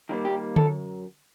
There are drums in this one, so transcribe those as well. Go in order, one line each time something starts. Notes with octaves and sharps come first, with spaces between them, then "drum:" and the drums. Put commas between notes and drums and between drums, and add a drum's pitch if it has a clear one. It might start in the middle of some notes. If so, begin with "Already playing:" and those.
D#3 G3 A#3
G4
F#2 A4, drum: tom D3